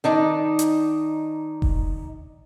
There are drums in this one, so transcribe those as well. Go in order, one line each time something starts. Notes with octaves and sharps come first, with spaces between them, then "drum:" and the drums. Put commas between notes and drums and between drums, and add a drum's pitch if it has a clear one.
D#3 D4 D#4
drum: hi-hat
drum: kick F1